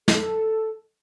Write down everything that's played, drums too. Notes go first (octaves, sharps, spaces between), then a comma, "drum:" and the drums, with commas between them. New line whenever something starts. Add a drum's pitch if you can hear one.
A4, drum: snare